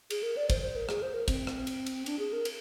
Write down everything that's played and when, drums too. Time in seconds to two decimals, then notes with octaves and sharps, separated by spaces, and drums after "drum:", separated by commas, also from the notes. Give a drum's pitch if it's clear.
0.10 G#4, drum: cymbal
0.23 A#4
0.37 D5
0.50 C5, drum: kick, cymbal
0.62 C5
0.76 A#4
0.89 G#4, drum: rim click
1.02 C5
1.14 A#4
1.28 C4, drum: kick, cymbal
1.47 drum: rim click
1.67 drum: cymbal
1.86 drum: cymbal
2.06 D4, drum: cymbal
2.19 G#4
2.33 A#4
2.45 drum: cymbal